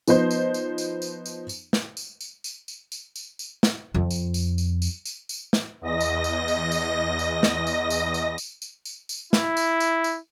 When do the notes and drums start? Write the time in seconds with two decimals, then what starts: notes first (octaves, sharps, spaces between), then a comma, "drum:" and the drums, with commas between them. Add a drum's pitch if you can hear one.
0.08 F3 B3 D#4 C5, drum: tambourine
0.31 drum: tambourine
0.54 drum: tambourine
0.78 drum: tambourine
1.02 drum: tambourine
1.26 drum: tambourine
1.49 drum: tambourine
1.73 drum: snare
1.97 drum: tambourine
2.21 drum: tambourine
2.44 drum: tambourine
2.68 drum: tambourine
2.92 drum: tambourine
3.16 drum: tambourine
3.39 drum: tambourine
3.63 drum: snare
3.94 F2 F4
4.11 drum: tambourine
4.34 drum: tambourine
4.58 drum: tambourine
4.82 drum: tambourine
5.06 drum: tambourine
5.29 drum: tambourine
5.53 drum: snare
5.81 E2 D#5 A#6
6.00 drum: tambourine
6.24 drum: tambourine
6.48 drum: tambourine
6.72 drum: tambourine
7.19 drum: tambourine
7.43 drum: snare
7.67 drum: tambourine
7.90 drum: tambourine
8.14 drum: tambourine
8.38 drum: tambourine
8.62 drum: tambourine
8.85 drum: tambourine
9.09 drum: tambourine
9.33 E4, drum: snare
9.57 drum: tambourine
9.80 drum: tambourine
10.04 drum: tambourine